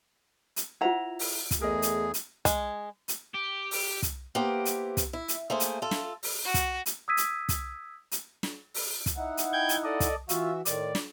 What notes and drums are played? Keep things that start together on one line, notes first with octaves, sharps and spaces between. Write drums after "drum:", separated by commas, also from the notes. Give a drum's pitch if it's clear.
drum: hi-hat
E4 F4 C5 F#5 A#5
drum: open hi-hat
drum: kick, hi-hat
E2 A3 G#4 A#4 D#5
drum: hi-hat
drum: hi-hat
G#3, drum: kick, hi-hat
drum: hi-hat
G4
drum: open hi-hat
drum: kick, hi-hat
A#3 B3 E4 G4 C5
drum: hi-hat
drum: kick, hi-hat
E4
drum: hi-hat
A3 A#3 G#4 C5
drum: hi-hat
F4 A4
drum: snare
drum: open hi-hat
F#4
drum: kick, hi-hat
drum: hi-hat
D#6 E6 G#6 B6 D#7
drum: hi-hat
drum: kick, hi-hat
drum: hi-hat
drum: snare
drum: open hi-hat
drum: kick, hi-hat
D#4 E4 F#5
drum: hi-hat
G5 G6 G#6
drum: hi-hat
A4 D5 D#5
drum: kick, hi-hat
E3 F4 F#4 E5, drum: hi-hat
A2 D#3 D5, drum: hi-hat
drum: snare